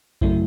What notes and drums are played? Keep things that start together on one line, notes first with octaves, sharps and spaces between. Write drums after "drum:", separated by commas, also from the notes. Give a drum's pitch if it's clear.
F#2 C#3 F#3 A3 E4, drum: kick A#1